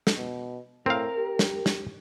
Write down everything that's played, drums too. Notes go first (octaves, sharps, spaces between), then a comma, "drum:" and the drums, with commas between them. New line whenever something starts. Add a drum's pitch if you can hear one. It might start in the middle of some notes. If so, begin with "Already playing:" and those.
drum: snare
B2
A2 C4 A#4 F5
G4
drum: snare
drum: snare